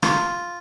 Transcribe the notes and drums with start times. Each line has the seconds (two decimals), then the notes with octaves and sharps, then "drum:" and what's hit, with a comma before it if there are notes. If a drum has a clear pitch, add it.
0.03 F4, drum: rim click